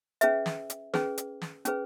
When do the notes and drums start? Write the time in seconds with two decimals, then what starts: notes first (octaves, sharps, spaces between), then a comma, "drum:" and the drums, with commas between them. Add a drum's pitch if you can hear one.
0.21 C#4 G#4 B4 E5, drum: hi-hat
0.46 drum: snare
0.70 drum: hi-hat
0.94 C#4 G#4 B4, drum: snare
1.18 drum: hi-hat
1.42 drum: snare
1.65 C#4 G#4 B4, drum: hi-hat